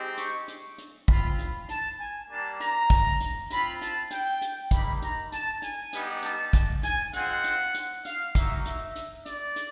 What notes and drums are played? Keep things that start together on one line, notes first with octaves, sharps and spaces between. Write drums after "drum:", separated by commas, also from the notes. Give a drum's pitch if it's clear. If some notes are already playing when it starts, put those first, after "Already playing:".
Already playing: G#3 C4 D#4 G4
C#6, drum: hi-hat
drum: hi-hat
drum: hi-hat
C4 F4 B5, drum: kick
B5, drum: hi-hat
A5, drum: hi-hat
G#5
G3 A#3 D4 A5
A#5, drum: hi-hat
drum: kick, hi-hat
drum: hi-hat
C4 F4 B5, drum: hi-hat
A5, drum: hi-hat
G5, drum: hi-hat
drum: hi-hat
G3 A#3 D#4 B5, drum: kick, hi-hat
A#5, drum: hi-hat
A5, drum: hi-hat
G#5, drum: hi-hat
G3 B3 D#4 G4, drum: hi-hat
A5, drum: hi-hat
drum: kick, hi-hat
G#5, drum: hi-hat
G#3 C4 F4 F#5, drum: hi-hat
drum: hi-hat
drum: hi-hat
F5, drum: hi-hat
A#3 D#4 F#4 E5, drum: kick, hi-hat
E5, drum: hi-hat
drum: hi-hat
D5, drum: hi-hat
drum: hi-hat